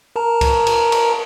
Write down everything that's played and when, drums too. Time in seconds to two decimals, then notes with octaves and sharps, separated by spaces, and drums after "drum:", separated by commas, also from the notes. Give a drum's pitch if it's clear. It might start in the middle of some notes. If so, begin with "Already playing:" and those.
0.16 A#4 A5 A#5
0.41 drum: kick C#2, cymbal
0.67 drum: cymbal
0.92 drum: cymbal